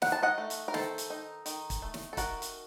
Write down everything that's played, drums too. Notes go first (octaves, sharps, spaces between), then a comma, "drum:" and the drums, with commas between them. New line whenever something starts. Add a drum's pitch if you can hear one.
D#3 F#5, drum: snare
A5
D#5 F#5
A3
drum: hi-hat
A#4
D#3 A4 C5, drum: snare
drum: hi-hat
D#4
D#3, drum: hi-hat
drum: kick, hi-hat
A3
drum: snare
A4
D#3 F#4 A#4, drum: kick, hi-hat
drum: hi-hat